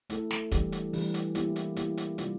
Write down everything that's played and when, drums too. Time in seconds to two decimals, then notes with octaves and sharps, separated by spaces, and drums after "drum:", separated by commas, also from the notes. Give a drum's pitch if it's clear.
0.10 A3 E4 A4, drum: hi-hat
0.31 drum: snare
0.52 E3 G3 D4 G4, drum: kick, hi-hat
0.72 drum: hi-hat
0.93 E3 G3 D4 G4, drum: open hi-hat
1.14 drum: hi-hat
1.35 G3 A#3 E4 G4, drum: hi-hat
1.56 drum: hi-hat
1.76 G3 A#3 E4 G4, drum: hi-hat
1.97 drum: hi-hat
2.18 C3 G3 A#3 D4 F4, drum: hi-hat